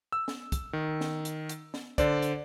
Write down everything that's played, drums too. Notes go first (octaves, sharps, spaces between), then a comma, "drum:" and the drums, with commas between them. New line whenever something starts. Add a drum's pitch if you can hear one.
E6
drum: snare
drum: kick, hi-hat
D#3
drum: snare
drum: hi-hat
drum: hi-hat
drum: snare
D3 C5 D5, drum: kick, hi-hat
drum: hi-hat